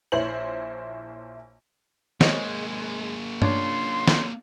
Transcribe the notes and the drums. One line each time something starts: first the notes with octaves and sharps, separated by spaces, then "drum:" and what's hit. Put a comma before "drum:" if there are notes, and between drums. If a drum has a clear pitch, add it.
A#1 E4 C5 C#5 F#7
G#3 A#3 G#4 C5 C#5 D#5, drum: snare
C#4 D4 F4 C#5 C6, drum: tom G2
drum: snare